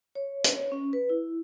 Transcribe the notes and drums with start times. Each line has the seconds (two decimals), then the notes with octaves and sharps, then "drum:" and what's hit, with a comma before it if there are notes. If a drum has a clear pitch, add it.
0.15 C#5
0.44 drum: hi-hat
0.55 C#5
0.72 C#4
0.93 B4
1.09 E4